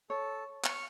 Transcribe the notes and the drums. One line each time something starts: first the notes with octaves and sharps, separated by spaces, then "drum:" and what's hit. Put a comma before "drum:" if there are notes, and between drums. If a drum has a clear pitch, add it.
A4 C#5
C#6 F6, drum: clap